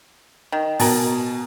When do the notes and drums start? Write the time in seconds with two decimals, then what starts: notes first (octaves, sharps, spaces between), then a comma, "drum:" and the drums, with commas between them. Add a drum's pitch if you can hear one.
0.52 D#3
0.79 B2 A#4 G#5 A5, drum: open hi-hat